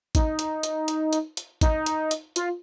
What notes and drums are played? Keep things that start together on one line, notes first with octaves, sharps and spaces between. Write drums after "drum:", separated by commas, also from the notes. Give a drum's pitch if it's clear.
D#4, drum: kick G#1, hi-hat
drum: hi-hat
drum: hi-hat
drum: hi-hat
drum: hi-hat
drum: hi-hat
D#4, drum: kick G#1, hi-hat
drum: hi-hat
drum: hi-hat
F4, drum: hi-hat